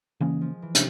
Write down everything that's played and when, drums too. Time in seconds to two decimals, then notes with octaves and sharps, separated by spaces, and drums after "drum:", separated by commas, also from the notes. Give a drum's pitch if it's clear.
0.20 C#3 E3 G#3 A#3 C#4
0.41 F3
0.62 E3
0.75 C3, drum: hi-hat